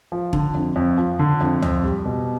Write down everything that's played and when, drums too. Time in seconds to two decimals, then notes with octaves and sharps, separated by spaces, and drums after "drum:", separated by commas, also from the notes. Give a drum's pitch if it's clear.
0.12 F3
0.33 D3, drum: kick E1
0.54 F2
0.76 F2
0.98 F3
1.19 D3
1.41 F2
1.62 F2, drum: tom
1.84 G3
2.06 B2